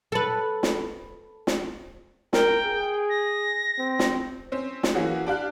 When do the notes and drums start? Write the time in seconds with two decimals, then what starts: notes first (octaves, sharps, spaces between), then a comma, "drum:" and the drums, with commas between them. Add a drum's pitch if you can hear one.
0.12 A4 B4
0.63 drum: snare
1.47 drum: snare
2.33 A#4 G5, drum: snare
2.65 G#4
3.09 A#6
3.78 C4
3.99 drum: snare
4.52 C4 C#4
4.83 drum: snare
4.95 E3 A#3 C#4 F#4 G#4
5.26 D4 G4 F5 F#6